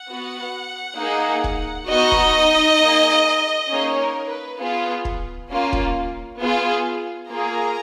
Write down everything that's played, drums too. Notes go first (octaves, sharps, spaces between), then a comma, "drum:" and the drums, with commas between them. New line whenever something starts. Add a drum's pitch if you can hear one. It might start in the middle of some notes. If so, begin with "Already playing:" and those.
Already playing: F#5
B3 F#4
A#3 D#4 G#4
drum: kick
B3 D#4 F#4 D#5
drum: kick
A#3 D#4 G#4
A#3 C#4 D#4 G#4 C#5
A#4
B4
B3 F4 G#4
drum: kick
A#3 C#4 F4
drum: kick
B3 F4 G#4
A#3 F4 G#4 A#4 A#5